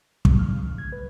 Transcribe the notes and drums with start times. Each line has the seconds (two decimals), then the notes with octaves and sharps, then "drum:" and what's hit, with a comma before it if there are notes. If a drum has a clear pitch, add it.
0.25 G3, drum: kick
0.39 F6
0.52 C#3
0.65 G#2
0.78 G#6
0.92 B4